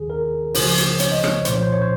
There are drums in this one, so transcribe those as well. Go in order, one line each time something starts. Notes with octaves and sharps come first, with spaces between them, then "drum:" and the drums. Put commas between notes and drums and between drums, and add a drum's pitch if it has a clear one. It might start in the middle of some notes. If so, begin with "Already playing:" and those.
Already playing: D#2 D#3 G#4
A#4
C#2 C#3 F3 C5, drum: open hi-hat
drum: hi-hat
C#5, drum: hi-hat
D#5
C#5, drum: rim click
C2 A#2 F3 C5, drum: hi-hat
C#5
C5
C#5
C5